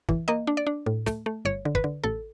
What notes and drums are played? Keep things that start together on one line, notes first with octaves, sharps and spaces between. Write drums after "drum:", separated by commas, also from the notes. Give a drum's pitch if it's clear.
E3, drum: kick
A#3 D#5
D4
D5
D4
A2
A3, drum: snare
A3
G1 C#5
D3
B4, drum: kick
D3
A1 A4